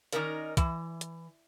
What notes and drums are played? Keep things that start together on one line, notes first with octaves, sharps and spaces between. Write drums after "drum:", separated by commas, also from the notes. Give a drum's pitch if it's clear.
D#3 G3 C#4 D#4 A#4 D5, drum: hi-hat
E3, drum: kick, hi-hat
drum: hi-hat